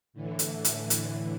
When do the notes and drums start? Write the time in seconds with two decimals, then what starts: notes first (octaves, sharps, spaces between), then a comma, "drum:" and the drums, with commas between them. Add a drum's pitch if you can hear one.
0.13 A2 D3 E3
0.39 drum: hi-hat
0.65 drum: hi-hat
0.90 drum: hi-hat